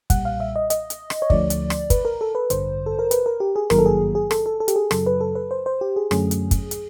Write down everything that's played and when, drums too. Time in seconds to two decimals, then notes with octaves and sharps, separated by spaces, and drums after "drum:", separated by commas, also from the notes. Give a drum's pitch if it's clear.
0.10 B1 A#2 G3 F#5, drum: kick, hi-hat
0.25 F5
0.40 E5
0.56 D#5
0.70 D#5, drum: hi-hat
0.90 drum: hi-hat
1.10 drum: rim click
1.22 C#5
1.30 D2 D3 F3 A3 D5, drum: kick
1.50 drum: hi-hat
1.70 drum: rim click
1.90 B4, drum: kick, hi-hat
2.05 A#4
2.21 A4
2.35 B4
2.50 A1 G2 D3 C5, drum: hi-hat
2.86 A4
2.99 A#4
3.11 B4, drum: hi-hat
3.26 A#4
3.40 G4
3.56 G#4
3.70 G#1 G2 D#3 F#3 A#3 A#4, drum: rim click
3.79 A4
3.86 G#4
4.15 G#4
4.31 A4, drum: rim click
4.46 A4
4.60 A4
4.68 G4, drum: hi-hat
4.76 G#4
4.91 F#2 C#3 F#3 A4, drum: rim click
5.06 B4
5.21 A4
5.35 B4
5.51 C5
5.66 C5
5.81 G4
5.96 G#4
6.11 F#2 D3 F#3 A3 C#4 G#4, drum: rim click
6.31 drum: hi-hat
6.51 drum: kick, hi-hat
6.71 drum: hi-hat